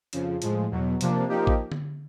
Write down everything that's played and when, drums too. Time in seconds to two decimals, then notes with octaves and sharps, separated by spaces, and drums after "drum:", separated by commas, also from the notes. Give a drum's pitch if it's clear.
0.13 F2 C#3 F3, drum: hi-hat
0.42 A2 F3 G#3, drum: hi-hat
0.71 E2 B2 F#3
1.01 C3 F3 A#3 D4, drum: hi-hat
1.29 F3 A#3 D#4 G4
1.47 drum: kick A1
1.72 drum: tom D3